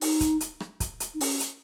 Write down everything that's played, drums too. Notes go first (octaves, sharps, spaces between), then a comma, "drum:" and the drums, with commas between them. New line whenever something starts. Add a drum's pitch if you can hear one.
D#4, drum: open hi-hat
drum: kick, hi-hat
drum: hi-hat
drum: rim click
drum: kick, hi-hat
drum: hi-hat
D#4
C#4, drum: open hi-hat
drum: hi-hat